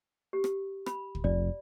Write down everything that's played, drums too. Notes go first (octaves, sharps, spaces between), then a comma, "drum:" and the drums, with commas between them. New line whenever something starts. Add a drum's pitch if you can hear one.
G4
drum: rim click
B5, drum: rim click
drum: kick
F1 D5